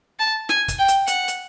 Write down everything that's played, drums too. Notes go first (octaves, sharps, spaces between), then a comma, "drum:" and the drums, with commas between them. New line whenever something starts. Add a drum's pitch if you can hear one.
A5
G#5, drum: snare
drum: kick, hi-hat
G5
drum: hi-hat
F#5, drum: hi-hat
drum: hi-hat